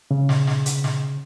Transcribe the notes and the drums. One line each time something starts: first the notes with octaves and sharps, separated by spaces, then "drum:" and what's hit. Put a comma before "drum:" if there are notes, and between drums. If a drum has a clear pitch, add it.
C#3
drum: snare
drum: snare
drum: hi-hat
drum: snare